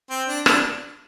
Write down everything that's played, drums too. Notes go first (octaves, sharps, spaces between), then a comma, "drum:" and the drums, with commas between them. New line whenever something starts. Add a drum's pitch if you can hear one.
C4
D4
D4, drum: rim click